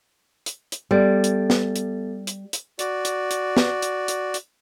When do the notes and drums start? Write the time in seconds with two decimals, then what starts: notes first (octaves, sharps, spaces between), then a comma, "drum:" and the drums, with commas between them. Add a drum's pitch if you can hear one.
0.46 drum: hi-hat
0.72 drum: hi-hat
0.91 G3 B3 A4 A6
1.24 drum: hi-hat
1.50 drum: snare
1.76 drum: hi-hat
2.27 drum: hi-hat
2.53 drum: hi-hat
2.79 F#4 D5, drum: hi-hat
3.05 drum: hi-hat
3.31 drum: hi-hat
3.57 drum: snare
3.82 drum: hi-hat
4.08 drum: hi-hat
4.34 drum: hi-hat